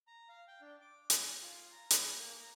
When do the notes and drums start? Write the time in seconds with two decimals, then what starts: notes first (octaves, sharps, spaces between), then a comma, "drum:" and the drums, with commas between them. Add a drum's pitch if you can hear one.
0.07 A#5
0.29 F5
0.48 G5
0.61 D4
0.81 D6
1.10 G#5, drum: hi-hat
1.42 F4
1.72 A#5
1.90 B4, drum: hi-hat
2.03 G#4
2.18 A#3
2.40 A#5